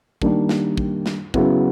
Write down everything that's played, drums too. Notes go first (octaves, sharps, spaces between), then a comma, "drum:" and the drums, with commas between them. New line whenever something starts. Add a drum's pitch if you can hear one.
D#3 G3 A#3 D4, drum: kick
drum: snare
drum: kick
drum: snare
C#3 F#3 B3 E4, drum: kick